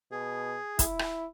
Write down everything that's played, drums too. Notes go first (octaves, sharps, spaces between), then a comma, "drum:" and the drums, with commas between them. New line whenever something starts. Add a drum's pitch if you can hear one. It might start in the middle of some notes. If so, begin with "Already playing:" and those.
B2 G#4
E4, drum: kick, hi-hat
drum: rim click